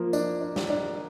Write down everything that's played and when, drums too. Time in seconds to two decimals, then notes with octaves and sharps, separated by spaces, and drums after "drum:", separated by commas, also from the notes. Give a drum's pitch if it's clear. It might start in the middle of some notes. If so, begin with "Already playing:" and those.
Already playing: F3 A#3
0.13 D4, drum: tambourine
0.41 D4
0.56 drum: snare
0.70 D4